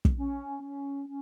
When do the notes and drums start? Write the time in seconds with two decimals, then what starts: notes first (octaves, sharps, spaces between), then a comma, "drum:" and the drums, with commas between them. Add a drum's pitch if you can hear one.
0.05 drum: kick
0.18 C#4
0.61 C#4
1.06 C#4